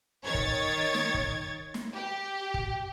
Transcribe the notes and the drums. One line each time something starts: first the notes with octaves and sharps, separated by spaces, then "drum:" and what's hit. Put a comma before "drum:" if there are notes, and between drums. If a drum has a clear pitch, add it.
D#3 C#5 G#6 A6
drum: kick
drum: snare
drum: kick
drum: snare
G4
drum: kick